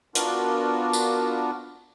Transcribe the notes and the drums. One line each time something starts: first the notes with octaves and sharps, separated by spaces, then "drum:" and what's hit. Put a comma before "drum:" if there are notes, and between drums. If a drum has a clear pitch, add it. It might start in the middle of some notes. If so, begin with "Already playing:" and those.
B3 D4 F4 F#4 A#4, drum: hi-hat
drum: tambourine